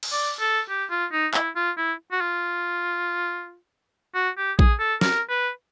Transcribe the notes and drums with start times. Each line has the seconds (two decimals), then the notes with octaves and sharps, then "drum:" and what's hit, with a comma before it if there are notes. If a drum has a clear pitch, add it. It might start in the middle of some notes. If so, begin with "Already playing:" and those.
0.03 drum: cymbal
0.12 D5
0.40 A4
0.69 G4
0.91 F4
1.12 D#4
1.34 E4, drum: clap
1.56 F4
1.78 E4
2.12 F#4
2.21 F4
4.15 F#4
4.37 G4
4.59 G#4, drum: kick A#1
4.80 A4
5.01 A#4, drum: snare
5.30 B4